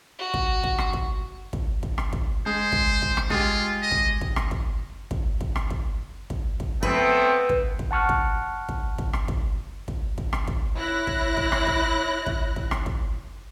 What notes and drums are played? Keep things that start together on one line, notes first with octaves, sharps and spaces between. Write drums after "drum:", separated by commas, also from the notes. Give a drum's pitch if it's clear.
F#4
drum: kick
drum: kick
drum: rim click
drum: kick
drum: kick
drum: kick
drum: rim click
drum: kick
G#3 C5
drum: kick
drum: kick
drum: rim click
G#3 F4 G4, drum: kick
D#5
drum: kick
drum: kick
drum: rim click
drum: kick
drum: kick
drum: kick
drum: rim click
drum: kick
drum: kick
drum: kick
A3 B3 C4 B4
drum: kick
drum: kick
F#5 A5 C#6 F6 F#6
drum: kick
drum: kick
drum: kick
drum: rim click
drum: kick
drum: kick
drum: kick
drum: rim click
drum: kick
E4 C#5 F#6 A#6
drum: kick
drum: kick
drum: rim click
drum: kick
drum: kick
drum: kick
drum: rim click
drum: kick